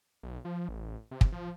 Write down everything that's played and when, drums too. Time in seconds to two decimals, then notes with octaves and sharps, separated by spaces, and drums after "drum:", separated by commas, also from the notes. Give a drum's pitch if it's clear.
0.23 B1
0.45 F3
0.69 A1
1.11 C3
1.21 drum: kick
1.32 F3